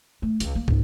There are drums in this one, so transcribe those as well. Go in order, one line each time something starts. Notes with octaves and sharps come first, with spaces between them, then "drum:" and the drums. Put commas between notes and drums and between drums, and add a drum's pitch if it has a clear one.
A3
C#2, drum: hi-hat
A#3
G#2, drum: kick